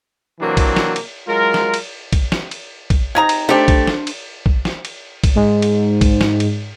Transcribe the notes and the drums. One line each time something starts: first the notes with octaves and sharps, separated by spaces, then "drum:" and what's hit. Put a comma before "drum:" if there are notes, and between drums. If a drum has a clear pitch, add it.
C3 E3 F#3 A#3 C4 D4
drum: kick, cymbal
drum: snare
drum: cymbal
F#3 G#3 F4 A#4
drum: snare
drum: cymbal
drum: kick, cymbal
drum: snare
drum: cymbal
drum: kick, cymbal
C3 D#4 A#5 G#6
drum: cymbal
A3 D4 G4 C5
drum: kick, cymbal
drum: snare
drum: cymbal
drum: kick
drum: snare
drum: cymbal
drum: kick, cymbal
G#2
drum: cymbal
drum: kick, cymbal
drum: snare
drum: cymbal